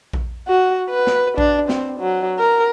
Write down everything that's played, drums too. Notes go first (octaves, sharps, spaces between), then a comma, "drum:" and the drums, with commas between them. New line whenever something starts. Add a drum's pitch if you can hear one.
drum: kick A#1
F#4
B4
drum: snare
D4, drum: kick A#1
C4, drum: snare
F#3
A#4